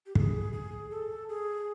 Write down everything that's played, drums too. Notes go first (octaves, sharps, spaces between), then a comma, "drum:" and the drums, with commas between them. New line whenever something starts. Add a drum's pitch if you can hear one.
G4
A4, drum: kick
G#4
G#4
A4
G#4